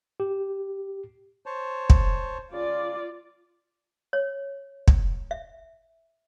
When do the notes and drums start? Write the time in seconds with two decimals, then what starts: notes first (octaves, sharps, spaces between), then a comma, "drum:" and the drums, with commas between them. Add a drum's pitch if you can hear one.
0.20 G4
1.46 C5 C#5 A5
1.90 drum: kick
2.52 C#3 F4 D5
4.13 C#5
4.88 drum: kick
5.31 E5